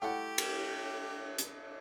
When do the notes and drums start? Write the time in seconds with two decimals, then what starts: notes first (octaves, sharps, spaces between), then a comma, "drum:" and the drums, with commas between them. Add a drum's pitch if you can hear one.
0.02 A3 E4 G4 A4 F#5 G5
0.38 drum: cymbal
1.38 drum: hi-hat